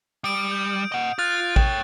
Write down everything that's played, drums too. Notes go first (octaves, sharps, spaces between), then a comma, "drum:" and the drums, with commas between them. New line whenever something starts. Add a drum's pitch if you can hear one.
G3 D#6 D7
G6
D#5 F#5
F4 F#6 A6
C#5 G5, drum: kick A1